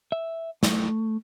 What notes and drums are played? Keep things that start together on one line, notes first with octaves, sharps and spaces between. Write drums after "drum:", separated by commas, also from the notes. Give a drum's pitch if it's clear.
E5
A3, drum: snare